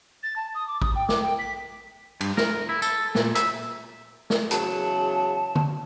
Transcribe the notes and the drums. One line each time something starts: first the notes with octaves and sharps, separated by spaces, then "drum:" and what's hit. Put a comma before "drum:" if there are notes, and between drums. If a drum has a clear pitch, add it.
A6
A5
D#6
D6
D#6, drum: kick
G5
D6, drum: snare
G5
B6
G2, drum: cymbal
A#4, drum: snare
E4
A4, drum: tambourine
A#2, drum: snare
E5, drum: hi-hat
drum: snare
E2 C#3 F#3 A5, drum: hi-hat
drum: tom D3